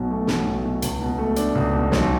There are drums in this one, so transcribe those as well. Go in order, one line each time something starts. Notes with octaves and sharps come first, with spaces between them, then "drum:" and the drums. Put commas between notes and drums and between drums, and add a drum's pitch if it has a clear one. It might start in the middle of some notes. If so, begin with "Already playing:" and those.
Already playing: B1 B2 F#3
A3
B1, drum: snare
B1
B2
C#2, drum: hi-hat
B2
A3
D4, drum: hi-hat
C#2
B2
B1, drum: snare